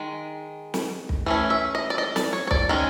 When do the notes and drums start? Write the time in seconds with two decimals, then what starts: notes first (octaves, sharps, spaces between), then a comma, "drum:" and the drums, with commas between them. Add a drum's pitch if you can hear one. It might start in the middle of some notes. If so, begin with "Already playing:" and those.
Already playing: D#3 G#3
0.74 drum: snare
1.09 drum: kick
1.26 E3 A3 C#4
1.50 E5
1.75 D#5
1.90 D5
1.98 D#5
2.16 D5, drum: snare
2.33 C#5
2.47 C#5
2.51 D5, drum: kick
2.69 D#3 G#3 C#4